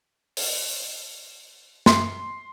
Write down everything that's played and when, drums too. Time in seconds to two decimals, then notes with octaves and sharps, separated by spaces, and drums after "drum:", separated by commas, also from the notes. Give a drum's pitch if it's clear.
0.37 drum: open hi-hat
1.86 C6, drum: snare